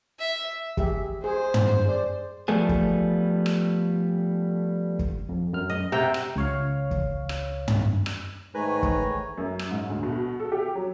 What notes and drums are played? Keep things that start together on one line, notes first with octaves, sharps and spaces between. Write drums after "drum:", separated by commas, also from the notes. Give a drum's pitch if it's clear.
E5
G4 G#4 E5, drum: kick
G#4 C5
drum: tom
G#4 D5
F3 G3 A3 B3 G#4
drum: kick
drum: rim click
drum: kick
F2
F#2 F6
D#5
C3 F#5 G5 A#5 E6
drum: rim click
C#2 C#5 F5
drum: kick
drum: rim click
drum: tom
drum: rim click
G#2 D#3 A3 B4 C#5 G#5 A#5
drum: kick
F#2
drum: rim click
G#2
D2
B2
A4
G4
F#3